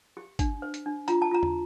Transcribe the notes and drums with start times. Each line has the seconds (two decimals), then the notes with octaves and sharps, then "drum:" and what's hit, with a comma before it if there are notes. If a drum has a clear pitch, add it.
0.17 G4
0.39 D4, drum: kick, hi-hat
0.62 C5
0.74 drum: hi-hat
0.86 D4
1.08 F4 A#5, drum: hi-hat
1.22 A5
1.31 F4 A#5
1.43 drum: tom E2